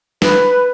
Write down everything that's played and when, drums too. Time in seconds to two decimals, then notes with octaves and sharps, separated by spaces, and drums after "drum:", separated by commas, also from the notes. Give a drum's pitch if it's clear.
0.22 B4, drum: snare